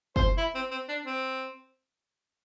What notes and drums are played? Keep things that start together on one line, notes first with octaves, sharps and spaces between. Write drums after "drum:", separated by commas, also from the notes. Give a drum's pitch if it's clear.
C5, drum: kick F#1
E4
C4
C4
D4
C4